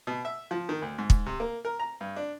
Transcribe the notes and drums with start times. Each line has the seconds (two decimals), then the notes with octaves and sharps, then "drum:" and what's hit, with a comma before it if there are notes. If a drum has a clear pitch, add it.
0.07 B2
0.25 E5
0.51 F3
0.69 D#3
0.82 D2
0.98 G#2
1.10 drum: kick
1.26 C3
1.40 A#3
1.65 A#4
1.79 A#5
2.01 G2
2.16 D4